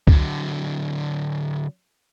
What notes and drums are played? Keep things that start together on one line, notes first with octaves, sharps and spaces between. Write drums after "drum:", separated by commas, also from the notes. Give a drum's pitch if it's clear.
D3 F#3, drum: kick C#2